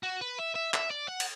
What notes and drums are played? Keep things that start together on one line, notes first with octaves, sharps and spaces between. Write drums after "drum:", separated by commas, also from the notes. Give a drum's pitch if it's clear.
F#4
B4
E5
E5
E5, drum: clap
D5
F#5
drum: cymbal